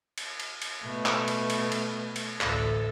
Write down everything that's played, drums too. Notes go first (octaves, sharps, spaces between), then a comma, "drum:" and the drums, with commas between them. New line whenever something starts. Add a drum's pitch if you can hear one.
drum: cymbal
drum: cymbal
drum: cymbal
B2 A3
drum: clap
drum: cymbal
drum: cymbal
drum: cymbal
drum: cymbal
A1 D2 A4, drum: clap